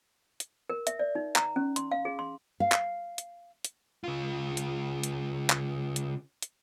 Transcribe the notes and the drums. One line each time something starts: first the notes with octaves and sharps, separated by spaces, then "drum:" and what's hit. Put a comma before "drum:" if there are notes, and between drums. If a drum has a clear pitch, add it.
drum: hi-hat
A#4
E5, drum: hi-hat
D5
D#4
A#5, drum: clap
C#4
C6, drum: hi-hat
F5
G#4
C6
F5
drum: clap
drum: hi-hat
drum: hi-hat
C#3 F4
drum: hi-hat
drum: hi-hat
drum: clap
drum: hi-hat
drum: hi-hat